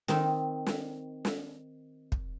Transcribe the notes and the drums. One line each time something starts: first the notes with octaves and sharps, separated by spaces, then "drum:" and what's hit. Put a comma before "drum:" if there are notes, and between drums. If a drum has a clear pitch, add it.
D#3 C4 D#4, drum: snare
drum: snare
drum: snare
drum: kick